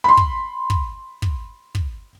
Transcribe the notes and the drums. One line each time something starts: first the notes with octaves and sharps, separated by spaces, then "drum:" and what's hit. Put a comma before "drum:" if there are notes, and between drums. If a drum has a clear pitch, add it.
B5 C6
drum: kick
drum: kick
drum: kick
drum: kick